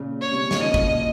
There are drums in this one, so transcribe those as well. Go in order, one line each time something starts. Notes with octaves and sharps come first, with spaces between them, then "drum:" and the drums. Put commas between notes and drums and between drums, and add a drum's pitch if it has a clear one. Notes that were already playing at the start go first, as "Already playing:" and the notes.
Already playing: A#2 C#3
C#5
C3
C#3
D#3, drum: snare
C#3 F3 D#5
A#2 C#3, drum: kick
A#2